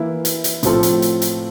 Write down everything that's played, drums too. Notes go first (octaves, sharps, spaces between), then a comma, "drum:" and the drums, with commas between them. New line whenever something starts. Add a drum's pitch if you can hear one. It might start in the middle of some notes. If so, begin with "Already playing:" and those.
Already playing: E3 A#3 E4
drum: hi-hat
drum: hi-hat
A2 F3 C4 F4 A4, drum: hi-hat
drum: hi-hat
drum: hi-hat
drum: hi-hat